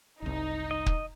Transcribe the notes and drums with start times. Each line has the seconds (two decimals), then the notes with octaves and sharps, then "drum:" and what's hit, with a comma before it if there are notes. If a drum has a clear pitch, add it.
0.22 F#1 C2 D#4
0.71 D#5
0.86 drum: kick